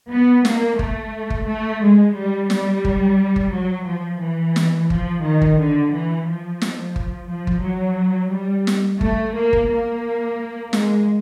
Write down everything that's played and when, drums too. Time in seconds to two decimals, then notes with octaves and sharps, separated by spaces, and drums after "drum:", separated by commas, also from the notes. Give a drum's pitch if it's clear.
0.11 B3
0.45 A#3, drum: snare
0.79 A3, drum: kick G1
1.30 drum: kick G1
1.47 A3
1.82 G#3
2.16 G3
2.50 G3, drum: snare
2.85 drum: kick G1
3.36 drum: kick G1
3.53 F#3
3.87 F3
4.22 E3
4.56 drum: snare
4.90 F3, drum: kick G1
5.25 D#3
5.42 drum: kick G1
5.59 D3
5.92 E3
6.27 F3
6.62 drum: snare
6.96 drum: kick G1
7.30 F3
7.47 drum: kick G1
7.64 F#3
8.32 G3
8.67 drum: snare
9.01 A3, drum: kick G1
9.36 A#3
9.53 drum: kick G1
9.70 A#3
10.73 G#3, drum: snare